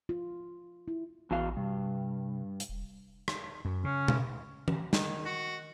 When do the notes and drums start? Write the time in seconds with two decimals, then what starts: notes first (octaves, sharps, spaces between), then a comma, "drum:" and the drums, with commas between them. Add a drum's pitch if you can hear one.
0.09 F4
0.88 E4
1.31 A1 E2 F#4 F5
1.57 G2 C3
2.60 drum: hi-hat
2.69 E1
3.28 drum: rim click
3.65 F#2
3.84 C#3 C#4
4.08 drum: tom B2
4.68 drum: tom E3
4.93 D#3, drum: snare
5.26 F#4